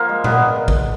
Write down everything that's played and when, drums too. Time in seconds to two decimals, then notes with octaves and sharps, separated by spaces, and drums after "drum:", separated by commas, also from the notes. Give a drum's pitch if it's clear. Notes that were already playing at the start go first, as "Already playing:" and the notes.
Already playing: F3 A#3
0.09 G#3
0.24 A#2 B3, drum: tom A#2
0.68 drum: kick A1